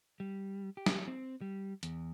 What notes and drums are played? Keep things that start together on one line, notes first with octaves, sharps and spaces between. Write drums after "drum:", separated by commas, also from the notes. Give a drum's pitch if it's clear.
G3
G4
drum: snare
C4
G3
E2, drum: hi-hat